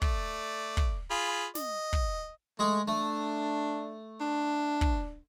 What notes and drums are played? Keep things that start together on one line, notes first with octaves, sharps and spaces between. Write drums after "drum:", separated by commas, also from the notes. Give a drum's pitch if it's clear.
A3 D5, drum: kick
drum: kick
F4 G#4 B5
D#5, drum: snare
drum: kick
G#3 A3 G#4
A3 D4
D4
drum: kick